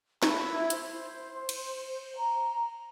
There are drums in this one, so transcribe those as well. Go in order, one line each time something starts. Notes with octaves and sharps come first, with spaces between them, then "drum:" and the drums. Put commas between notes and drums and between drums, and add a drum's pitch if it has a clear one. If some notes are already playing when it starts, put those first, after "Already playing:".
E4, drum: snare
C5, drum: hi-hat
drum: cymbal
A#5